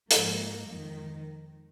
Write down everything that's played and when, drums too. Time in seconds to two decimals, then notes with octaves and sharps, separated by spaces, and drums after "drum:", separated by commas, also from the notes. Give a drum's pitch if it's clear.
0.10 G#2 F3 G#3 A#3, drum: hi-hat
0.70 F2 D#3 G#3